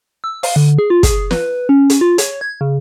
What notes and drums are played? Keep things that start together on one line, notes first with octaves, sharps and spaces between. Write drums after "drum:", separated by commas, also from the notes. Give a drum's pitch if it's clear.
E6
F5, drum: open hi-hat
D3
G#4
F4
G#4, drum: kick, hi-hat
B4, drum: snare
C#4
drum: hi-hat
F4
C#5, drum: hi-hat
G#6
C#3